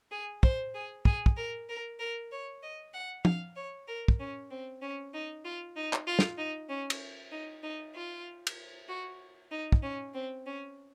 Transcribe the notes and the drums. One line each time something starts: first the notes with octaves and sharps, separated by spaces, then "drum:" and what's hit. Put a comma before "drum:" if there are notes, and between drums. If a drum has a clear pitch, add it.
G#4
C5, drum: kick
G#4
G#4, drum: kick
drum: kick
A#4
A#4
A#4
C#5
D#5
F#5
F5, drum: tom
C#5
A#4
drum: kick
C#4
C4
C#4
D#4
F4
D#4
drum: clap
F4
drum: snare
D#4
C#4
drum: cymbal
D#4
D#4
F4
drum: cymbal
F#4
D#4
drum: kick
C#4
C4
C#4